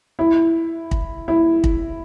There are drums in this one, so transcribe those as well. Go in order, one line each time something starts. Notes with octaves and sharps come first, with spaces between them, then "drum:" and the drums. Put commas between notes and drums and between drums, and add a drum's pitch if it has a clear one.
E4
drum: kick
E4
drum: kick